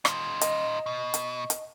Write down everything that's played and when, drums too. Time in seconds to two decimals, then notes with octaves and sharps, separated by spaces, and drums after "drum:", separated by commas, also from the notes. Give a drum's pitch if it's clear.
0.05 D#4 F4, drum: rim click
0.41 D#5, drum: hi-hat
0.86 B2
1.14 drum: hi-hat
1.50 drum: hi-hat